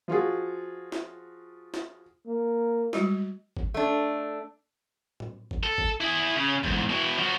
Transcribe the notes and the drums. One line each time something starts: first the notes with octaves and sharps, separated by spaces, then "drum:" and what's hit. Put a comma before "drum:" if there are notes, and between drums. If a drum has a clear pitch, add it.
F3 F4 F#4 G#4
drum: snare
drum: snare
A#3
G3 G#3 F#4, drum: snare
drum: kick
A3 D4
drum: tom A2
drum: kick
A4
drum: kick
E4 G#4
C#3 C#4
E2 G#2, drum: kick
B2 E4
F3 F#4